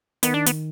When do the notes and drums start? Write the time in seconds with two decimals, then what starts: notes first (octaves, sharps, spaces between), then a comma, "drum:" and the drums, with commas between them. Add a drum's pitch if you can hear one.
0.23 D#3 B3, drum: hi-hat
0.34 D4
0.46 B3, drum: hi-hat